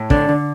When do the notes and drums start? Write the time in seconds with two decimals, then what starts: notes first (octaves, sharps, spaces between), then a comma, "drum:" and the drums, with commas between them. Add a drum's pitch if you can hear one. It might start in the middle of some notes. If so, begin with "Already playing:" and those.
Already playing: A2
0.10 D3 D4, drum: kick
0.29 D3